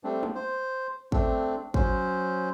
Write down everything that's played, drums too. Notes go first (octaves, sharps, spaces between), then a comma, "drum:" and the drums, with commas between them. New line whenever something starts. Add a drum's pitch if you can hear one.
G3 A3 C4 D4
drum: tom G#3
C5
A3 C4 D4, drum: kick G#1
F#3 C#4 C5, drum: kick G#1